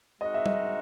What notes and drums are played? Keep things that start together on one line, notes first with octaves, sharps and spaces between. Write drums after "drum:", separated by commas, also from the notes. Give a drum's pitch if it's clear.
G#3 C4 D#4 F#4 A#4 D#5
E5
D#5, drum: tom G3